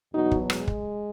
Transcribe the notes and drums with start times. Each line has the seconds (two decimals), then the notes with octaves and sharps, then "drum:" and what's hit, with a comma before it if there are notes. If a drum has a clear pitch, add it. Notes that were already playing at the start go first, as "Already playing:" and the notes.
0.13 E2 B2 F#3 D#4 F#4
0.31 drum: kick
0.50 G#3, drum: rim click
0.67 drum: kick